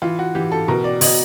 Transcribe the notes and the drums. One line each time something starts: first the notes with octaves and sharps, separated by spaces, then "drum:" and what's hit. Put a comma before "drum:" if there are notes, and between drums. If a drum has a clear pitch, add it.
E3 F4
F#4
E3 G4
A4
B2 A#4
D5
B2 D#5, drum: open hi-hat